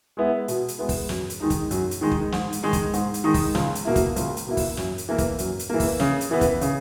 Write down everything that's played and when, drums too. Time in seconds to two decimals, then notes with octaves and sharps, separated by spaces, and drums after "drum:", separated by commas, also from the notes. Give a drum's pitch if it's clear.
0.17 G#3 B3 E4
0.48 B2, drum: hi-hat
0.68 drum: hi-hat
0.78 G#3 B3 E4
0.89 drum: kick, open hi-hat
1.09 F#2, drum: snare
1.30 drum: hi-hat
1.40 D#3 G#3 D#4
1.50 drum: kick, hi-hat
1.71 F#2, drum: hi-hat
1.91 drum: hi-hat
2.01 D#3 G#3 D#4
2.12 drum: kick
2.32 G#2, drum: snare
2.52 drum: hi-hat
2.63 D#3 G#3 D#4
2.73 drum: kick, hi-hat
2.93 G#2, drum: hi-hat
3.14 drum: hi-hat
3.24 D#3 G#3 D#4
3.34 drum: kick, open hi-hat
3.55 C#2, drum: snare
3.75 drum: hi-hat
3.85 B2 A#3 E4
3.96 drum: kick, hi-hat
4.16 C#2, drum: hi-hat
4.37 drum: hi-hat
4.46 B2 A#3 E4
4.57 drum: kick, open hi-hat
4.77 F#2, drum: snare
4.98 drum: hi-hat
5.09 E3 A#3
5.18 drum: kick, hi-hat
5.38 F#2, drum: hi-hat
5.59 drum: hi-hat
5.70 E3 A#3
5.80 drum: kick, open hi-hat
6.00 C#3, drum: snare
6.21 drum: hi-hat
6.31 E3 B3
6.41 drum: kick, hi-hat
6.61 C#3, drum: hi-hat